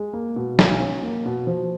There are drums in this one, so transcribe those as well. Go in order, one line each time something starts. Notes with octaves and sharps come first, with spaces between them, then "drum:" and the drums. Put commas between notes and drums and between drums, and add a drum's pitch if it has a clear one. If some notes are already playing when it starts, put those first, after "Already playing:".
Already playing: G#3
A#3
B2
B1, drum: snare
C#4
A#3
B2
F3